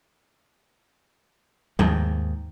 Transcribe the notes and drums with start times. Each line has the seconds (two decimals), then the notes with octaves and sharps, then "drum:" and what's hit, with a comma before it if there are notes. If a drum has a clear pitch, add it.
1.79 D#2 G#2, drum: tom F3